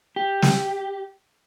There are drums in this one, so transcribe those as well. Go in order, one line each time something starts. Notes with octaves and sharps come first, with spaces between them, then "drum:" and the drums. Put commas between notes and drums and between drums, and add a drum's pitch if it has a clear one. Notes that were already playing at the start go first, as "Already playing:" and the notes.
G4
drum: snare